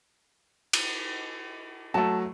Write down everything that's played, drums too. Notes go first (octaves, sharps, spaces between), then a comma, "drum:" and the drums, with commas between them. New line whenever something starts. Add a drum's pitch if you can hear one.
drum: cymbal
F#3 A3 A5